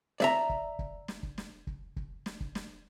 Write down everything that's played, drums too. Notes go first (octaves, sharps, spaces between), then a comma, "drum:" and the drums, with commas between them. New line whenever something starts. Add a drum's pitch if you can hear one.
D5 E5 A#5, drum: snare
drum: kick
drum: kick
drum: snare
drum: kick
drum: snare
drum: kick
drum: kick
drum: snare
drum: kick
drum: snare